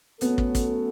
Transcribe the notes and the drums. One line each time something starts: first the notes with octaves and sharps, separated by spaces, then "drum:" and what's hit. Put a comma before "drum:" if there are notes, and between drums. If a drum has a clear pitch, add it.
F#3 A3 B3 C#4 A4, drum: hi-hat
drum: kick
drum: kick, hi-hat